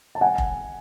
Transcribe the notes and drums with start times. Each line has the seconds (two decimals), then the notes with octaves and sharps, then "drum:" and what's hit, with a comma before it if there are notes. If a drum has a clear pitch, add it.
0.15 A5
0.21 F#5 G#5
0.38 drum: kick F1